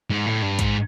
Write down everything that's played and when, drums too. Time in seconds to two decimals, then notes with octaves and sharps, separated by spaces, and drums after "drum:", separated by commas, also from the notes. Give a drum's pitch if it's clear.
0.10 G#2
0.26 A2
0.42 G2
0.59 G#2, drum: kick, hi-hat